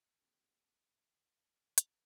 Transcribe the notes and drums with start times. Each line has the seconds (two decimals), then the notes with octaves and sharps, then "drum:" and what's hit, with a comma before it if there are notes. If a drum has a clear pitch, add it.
0.19 F2 D3 F#3 A#3 A4
0.27 G#4
0.34 G4
0.41 F#4 G#4
1.78 drum: hi-hat